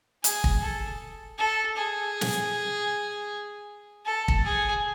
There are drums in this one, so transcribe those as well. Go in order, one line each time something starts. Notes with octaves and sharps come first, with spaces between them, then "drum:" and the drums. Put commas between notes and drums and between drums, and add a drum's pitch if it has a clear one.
G#4, drum: hi-hat
drum: kick
A4
A4
G#4
drum: snare
A4
drum: kick
G#4